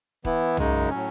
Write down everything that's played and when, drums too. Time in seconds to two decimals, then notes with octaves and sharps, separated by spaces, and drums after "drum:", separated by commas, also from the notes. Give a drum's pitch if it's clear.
0.25 E3 B3 E4, drum: kick D#1
0.57 F#2 C#3 G#3 D#4, drum: tom
0.90 A2 F#3 C#4